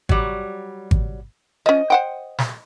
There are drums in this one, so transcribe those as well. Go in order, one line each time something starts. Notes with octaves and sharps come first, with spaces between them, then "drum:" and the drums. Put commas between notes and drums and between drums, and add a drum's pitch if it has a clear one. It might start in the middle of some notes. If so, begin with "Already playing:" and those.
F#3 G3, drum: kick G#1
drum: kick G#1
F3 C#4 D#5
C5 F#5 G5
drum: snare